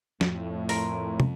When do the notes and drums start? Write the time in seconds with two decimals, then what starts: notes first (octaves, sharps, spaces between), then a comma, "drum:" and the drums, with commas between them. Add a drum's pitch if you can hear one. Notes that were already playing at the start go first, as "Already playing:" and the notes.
0.21 F2 A2, drum: snare
0.69 A#4 C6, drum: open hi-hat
1.20 drum: tom